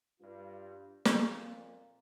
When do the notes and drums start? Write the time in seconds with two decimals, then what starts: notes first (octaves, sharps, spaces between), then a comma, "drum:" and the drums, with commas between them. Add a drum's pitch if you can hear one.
0.21 G2 F4
1.05 F2 A#2, drum: snare